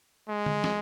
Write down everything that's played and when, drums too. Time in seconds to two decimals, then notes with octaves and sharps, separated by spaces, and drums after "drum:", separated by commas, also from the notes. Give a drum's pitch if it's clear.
0.28 G#3
0.46 drum: tom
0.64 drum: snare